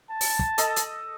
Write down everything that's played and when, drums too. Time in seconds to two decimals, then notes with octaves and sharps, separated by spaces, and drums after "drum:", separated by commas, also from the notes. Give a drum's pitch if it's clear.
0.11 A5
0.21 drum: open hi-hat
0.39 drum: kick
0.58 A4 D#5, drum: hi-hat
0.76 drum: hi-hat